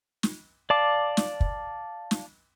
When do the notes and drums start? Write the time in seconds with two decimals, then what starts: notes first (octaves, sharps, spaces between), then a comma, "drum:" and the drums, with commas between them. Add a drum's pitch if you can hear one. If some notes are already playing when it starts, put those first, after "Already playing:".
0.23 drum: snare
0.70 D5 F5 A5 D6
1.17 drum: snare
1.40 drum: kick
2.11 drum: snare